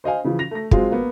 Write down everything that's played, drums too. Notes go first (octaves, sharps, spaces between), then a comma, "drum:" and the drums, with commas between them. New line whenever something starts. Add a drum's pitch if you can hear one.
C5 D#5 F5 G#5
C#3 E3 F3
A#6 F7
A3 A#6
F#3 G#3 C4 F4 F#4 G#4, drum: kick
A#3 B3